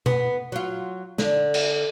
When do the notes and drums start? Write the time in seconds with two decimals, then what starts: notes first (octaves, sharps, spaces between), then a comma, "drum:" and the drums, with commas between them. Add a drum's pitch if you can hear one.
0.06 B3, drum: tom B2
0.52 F#3 F4
1.18 D3, drum: snare
1.54 drum: cymbal